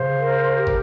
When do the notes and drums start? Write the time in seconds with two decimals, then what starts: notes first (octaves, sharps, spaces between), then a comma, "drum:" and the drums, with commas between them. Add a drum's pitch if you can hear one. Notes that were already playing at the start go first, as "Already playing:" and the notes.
Already playing: C#3 C5
0.19 A#4
0.54 G4
0.67 drum: kick